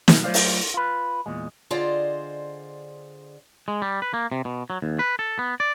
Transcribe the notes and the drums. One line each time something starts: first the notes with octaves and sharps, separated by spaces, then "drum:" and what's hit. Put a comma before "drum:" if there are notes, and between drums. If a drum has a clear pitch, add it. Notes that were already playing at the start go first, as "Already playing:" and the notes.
B2 F#3, drum: snare
F#3 A3 F4 C5 D5 F5
drum: open hi-hat
F4 B4
E2 A#2 G#3
D3 F4 G#4 C5 D5 D#5
G#3
G3
B4
A#3
C3
B2
F#3
D#2
B4
A4
B3
D5